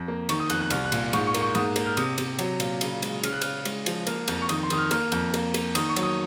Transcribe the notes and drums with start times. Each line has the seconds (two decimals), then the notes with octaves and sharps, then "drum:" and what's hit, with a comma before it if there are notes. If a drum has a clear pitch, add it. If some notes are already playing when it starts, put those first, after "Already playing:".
Already playing: F2
0.08 A#3
0.29 D#3 C#6, drum: cymbal
0.40 D#6
0.50 F2 F#6, drum: cymbal
0.61 F#6
0.70 C2 F6, drum: cymbal
0.85 F#6
0.92 A#2, drum: cymbal
1.13 G#2 C#6, drum: cymbal
1.27 C#6
1.34 A#3, drum: cymbal
1.41 C#6
1.55 G#2 D#6, drum: cymbal
1.76 A#3, drum: cymbal
1.86 F6
1.97 C3 D#6, drum: cymbal
2.18 C3, drum: cymbal
2.39 F#3, drum: cymbal
2.60 A#2, drum: cymbal
2.81 C#3, drum: cymbal
3.02 G#3, drum: cymbal
3.24 C#3 F6, drum: cymbal
3.33 F#6
3.41 C#3 F6, drum: cymbal
3.65 G#3, drum: cymbal
3.86 F3, drum: cymbal
4.07 A#3 F6, drum: cymbal
4.28 F2, drum: cymbal
4.42 C#6
4.49 D#3 D#6, drum: cymbal
4.63 C6
4.70 D#3 D#6, drum: cymbal
4.77 F6
4.91 A#3 F6, drum: cymbal
5.12 F2, drum: cymbal
5.34 A#3, drum: cymbal
5.54 A#3, drum: cymbal
5.75 D#3 D#6, drum: cymbal
5.89 C#6
5.96 F#3, drum: cymbal
6.03 D#6